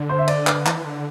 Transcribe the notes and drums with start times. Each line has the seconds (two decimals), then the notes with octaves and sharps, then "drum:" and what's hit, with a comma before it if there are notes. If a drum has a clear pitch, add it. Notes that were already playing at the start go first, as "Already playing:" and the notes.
Already playing: D3
0.09 C5
0.19 E5
0.28 D5, drum: cymbal
0.47 B4, drum: clap
0.66 E3, drum: clap
0.84 D3